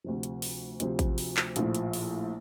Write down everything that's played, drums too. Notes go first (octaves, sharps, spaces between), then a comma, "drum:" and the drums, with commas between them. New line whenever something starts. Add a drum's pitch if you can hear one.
D2 C3 F3
drum: hi-hat
drum: open hi-hat
D2 C3 F3, drum: hi-hat
drum: kick A1, hi-hat
drum: open hi-hat
drum: clap
A#1 A2 F3, drum: hi-hat
drum: hi-hat
drum: open hi-hat